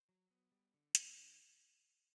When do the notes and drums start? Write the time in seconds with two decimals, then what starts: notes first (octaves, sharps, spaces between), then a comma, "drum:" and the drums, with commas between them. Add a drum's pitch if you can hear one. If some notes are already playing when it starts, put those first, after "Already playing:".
Already playing: C5
0.09 F#3
0.30 B3
0.52 G3
0.74 D3
0.95 A#3, drum: hi-hat
1.16 D3